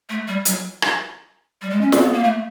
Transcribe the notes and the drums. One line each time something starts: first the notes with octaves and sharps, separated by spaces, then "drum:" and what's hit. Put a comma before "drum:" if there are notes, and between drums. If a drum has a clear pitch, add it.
A3
G3
F#3, drum: hi-hat
drum: rim click
G3
G#3
C#4
C4, drum: snare
B3
A#3
A3